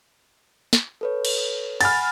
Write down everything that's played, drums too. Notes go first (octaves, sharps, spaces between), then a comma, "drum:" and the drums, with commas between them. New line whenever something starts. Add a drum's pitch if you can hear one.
drum: snare
A4 B4 C#5
drum: cymbal
F#5 G#5 B5 F6 A6, drum: cymbal